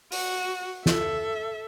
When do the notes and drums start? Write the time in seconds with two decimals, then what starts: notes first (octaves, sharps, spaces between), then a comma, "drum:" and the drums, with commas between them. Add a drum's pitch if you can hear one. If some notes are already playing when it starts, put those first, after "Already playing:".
0.12 F#4, drum: open hi-hat
0.86 A4 E5, drum: snare